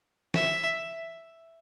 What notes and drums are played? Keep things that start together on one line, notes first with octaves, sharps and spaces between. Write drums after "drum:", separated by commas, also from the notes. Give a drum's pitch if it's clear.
E5, drum: snare